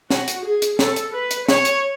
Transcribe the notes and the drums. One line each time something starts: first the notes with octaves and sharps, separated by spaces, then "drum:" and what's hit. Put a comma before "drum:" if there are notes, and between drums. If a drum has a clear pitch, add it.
F#4, drum: snare
drum: hi-hat
G#4
drum: hi-hat
A4, drum: snare
drum: hi-hat
B4
drum: hi-hat
C#5, drum: snare
drum: hi-hat